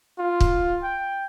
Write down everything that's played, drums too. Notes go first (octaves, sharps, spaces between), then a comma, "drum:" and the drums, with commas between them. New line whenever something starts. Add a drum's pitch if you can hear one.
F4
drum: kick
G5